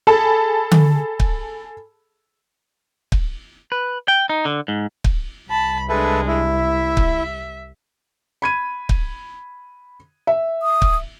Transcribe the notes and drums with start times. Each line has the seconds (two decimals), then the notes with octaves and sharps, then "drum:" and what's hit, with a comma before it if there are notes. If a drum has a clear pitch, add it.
0.07 G#4 A4 A5 B5
0.72 drum: tom D3
1.20 drum: kick
3.12 drum: kick
3.72 B4
4.08 G5
4.29 D#4
4.45 D3
4.68 G#2
5.04 drum: kick
5.49 C2 A5 B5
5.89 G#3 D4 A4 B4 E5
6.27 E4
6.56 E5
6.97 drum: kick
8.42 B5 G#6 D#7
8.89 drum: kick
10.27 E5
10.62 D#6
10.82 drum: kick